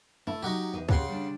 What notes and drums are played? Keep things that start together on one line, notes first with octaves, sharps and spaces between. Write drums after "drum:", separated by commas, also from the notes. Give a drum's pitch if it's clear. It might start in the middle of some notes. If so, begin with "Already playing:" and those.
A3 E4
F#3 D#4 F#4 G4
E2 D#5
C#3 C#4 G4 G#4 F#5 C6, drum: kick
G3 D4